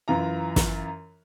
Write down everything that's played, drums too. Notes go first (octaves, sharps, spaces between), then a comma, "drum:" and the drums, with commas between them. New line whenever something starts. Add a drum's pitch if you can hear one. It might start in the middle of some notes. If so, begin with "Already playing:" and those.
F#2 E3 F4 A#5
drum: snare